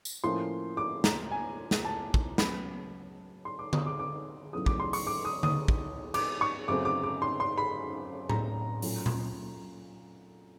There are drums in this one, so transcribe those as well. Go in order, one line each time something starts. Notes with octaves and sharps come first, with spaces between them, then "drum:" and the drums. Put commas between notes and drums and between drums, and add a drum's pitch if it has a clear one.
drum: tambourine
A2 F3 A#3 C#4 C6
D6
A#5, drum: snare
G#5
drum: snare
A5
drum: kick
C#3 F#3 B3 B5, drum: snare
C6
D6
D#6, drum: tom D3
D6
D6
E2 C#3 F#3 A3 D#6
D6, drum: kick
C6
C#6, drum: open hi-hat
D6
D#6
D#6, drum: tom D3
drum: kick
D6, drum: cymbal
C#6
F#2 C#3 F#3 A3 C4 D6
D6
D6
C6
C6
B5
A#5, drum: tom A2
A#2 F#3 A3 C#4, drum: open hi-hat
drum: tom A#2